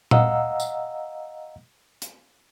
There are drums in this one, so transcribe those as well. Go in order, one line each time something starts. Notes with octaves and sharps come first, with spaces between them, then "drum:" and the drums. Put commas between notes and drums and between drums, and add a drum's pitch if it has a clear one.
D#5 F5 F#5 A#5 E6, drum: tom A#2
drum: tambourine
drum: hi-hat